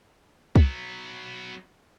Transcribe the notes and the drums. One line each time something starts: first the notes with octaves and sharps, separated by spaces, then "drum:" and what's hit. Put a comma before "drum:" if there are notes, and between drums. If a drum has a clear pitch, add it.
F#3 B3, drum: kick